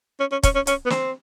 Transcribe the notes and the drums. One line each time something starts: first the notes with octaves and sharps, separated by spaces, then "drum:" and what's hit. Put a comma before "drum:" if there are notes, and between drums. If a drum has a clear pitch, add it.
C#4
C#4
C#4, drum: kick, hi-hat
C#4
C#4, drum: hi-hat
B3
C4, drum: snare